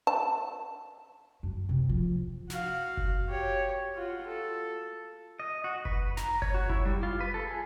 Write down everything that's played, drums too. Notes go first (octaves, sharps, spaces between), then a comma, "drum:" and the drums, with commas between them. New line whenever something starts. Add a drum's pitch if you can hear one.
A5
F#2
C3
F3
F#4 F5, drum: snare
drum: kick F#1
G4 C#5
F4 F#4
A4
D#5
F#4
B4, drum: kick F#1
A#5, drum: snare
C#5, drum: kick F#1
F#4
E4, drum: kick F#1
G3
F4
B4
A4
G#4